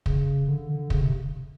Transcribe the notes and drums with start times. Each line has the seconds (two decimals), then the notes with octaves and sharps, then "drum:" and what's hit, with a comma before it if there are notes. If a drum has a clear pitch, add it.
0.06 C#3, drum: kick
0.48 D3
0.69 D3
0.90 C#3, drum: kick
1.01 C3